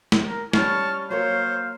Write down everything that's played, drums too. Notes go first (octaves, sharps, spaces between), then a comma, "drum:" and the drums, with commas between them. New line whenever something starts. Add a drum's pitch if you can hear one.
drum: snare
A#4
G3 C#4 A5 C#6 F6, drum: snare
F#3 A#3 C5 C#5 F5